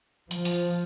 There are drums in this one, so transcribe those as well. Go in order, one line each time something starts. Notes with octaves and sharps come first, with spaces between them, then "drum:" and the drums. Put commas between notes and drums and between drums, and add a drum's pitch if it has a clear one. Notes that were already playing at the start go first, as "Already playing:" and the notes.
F3, drum: hi-hat
drum: open hi-hat